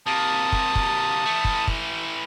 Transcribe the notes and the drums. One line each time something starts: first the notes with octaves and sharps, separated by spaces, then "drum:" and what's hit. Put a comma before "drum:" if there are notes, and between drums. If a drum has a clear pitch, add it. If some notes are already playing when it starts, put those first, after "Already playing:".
C3 A#3 A5 D#6
drum: kick
drum: kick
E3 A3
drum: kick
drum: kick